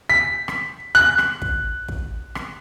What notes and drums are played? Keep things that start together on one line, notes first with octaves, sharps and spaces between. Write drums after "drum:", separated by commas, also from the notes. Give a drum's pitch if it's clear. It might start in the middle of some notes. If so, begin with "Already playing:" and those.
B6
drum: rim click
F#6
drum: rim click
drum: kick
drum: kick
drum: rim click